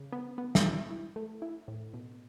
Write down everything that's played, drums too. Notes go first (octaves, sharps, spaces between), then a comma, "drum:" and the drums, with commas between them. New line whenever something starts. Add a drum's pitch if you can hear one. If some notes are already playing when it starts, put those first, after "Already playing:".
Already playing: C#3
B3
B3
drum: snare
E4
E4
A3
E4
A2
B2